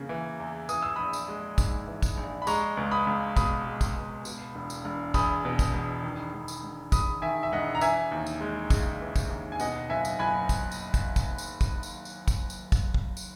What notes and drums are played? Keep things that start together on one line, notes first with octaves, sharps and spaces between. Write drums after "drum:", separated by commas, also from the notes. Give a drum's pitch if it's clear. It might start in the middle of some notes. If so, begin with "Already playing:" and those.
Already playing: E2 C#3 A#3
E3
E2
E3 D#6, drum: tambourine
E6
A#1 B5 D#6
drum: tambourine
G#3
G#2, drum: kick, tambourine
E3
drum: kick, tambourine
A#1
B5
G#3 A#5 C#6, drum: tambourine
C#2
B5 D#6
C#2
B2 B5 D#6, drum: kick, tambourine
G#3
drum: kick, tambourine
C#2
B2, drum: tambourine
E1
drum: tambourine
E1
E2 B5 D#6, drum: kick, tambourine
B2
drum: kick, tambourine
E1
D#3
E1
drum: tambourine
E1
E2 B5 D#6, drum: kick, tambourine
D#3 E5 G#5
E5
E1 D#5 F#5
A#5
E3 E5 G#5, drum: tambourine
D#2
drum: tambourine
G#3
C#3, drum: kick, tambourine
E3
drum: kick, tambourine
D#2
G#5
B2 D#5 F#5, drum: tambourine
F#1 E5 G#5
drum: tambourine
F#1 G#5 B5
drum: kick, tambourine
drum: tambourine
drum: kick, tambourine
drum: kick, tambourine
drum: tambourine
drum: kick, tambourine
drum: tambourine
drum: tambourine
drum: kick, tambourine
drum: tambourine
drum: kick, tambourine
drum: kick
drum: tambourine